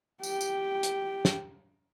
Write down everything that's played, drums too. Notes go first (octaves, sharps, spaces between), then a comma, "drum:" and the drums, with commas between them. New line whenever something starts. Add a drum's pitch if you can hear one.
G4 G5, drum: tambourine
drum: tambourine
drum: hi-hat
drum: snare